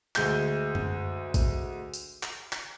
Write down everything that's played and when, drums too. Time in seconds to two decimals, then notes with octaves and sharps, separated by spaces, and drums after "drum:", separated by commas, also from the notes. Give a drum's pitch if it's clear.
0.16 D2 G#3 G6, drum: clap
0.75 drum: tom F#2
1.34 drum: kick A1, tambourine
1.93 drum: tambourine
2.23 drum: clap
2.53 drum: clap